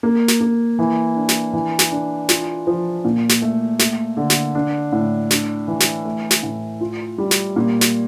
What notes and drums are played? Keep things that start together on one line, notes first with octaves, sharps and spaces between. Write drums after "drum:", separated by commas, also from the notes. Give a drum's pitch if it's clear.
A#3
drum: snare
A#3
E3
D4
drum: snare
E3
drum: snare
D4
F4, drum: snare
F3
A#2
drum: snare
A3
A3, drum: snare
D3
drum: snare
D4
A2
D4, drum: snare
E3
drum: snare
A3
drum: snare
A2
F4
G3
drum: snare
A#2
drum: snare